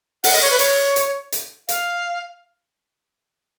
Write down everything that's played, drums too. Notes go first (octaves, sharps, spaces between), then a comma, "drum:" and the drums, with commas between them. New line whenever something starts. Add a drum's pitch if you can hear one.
F#5, drum: open hi-hat
D#5
C#5
B4
C#5, drum: hi-hat
drum: hi-hat
drum: hi-hat
F5, drum: hi-hat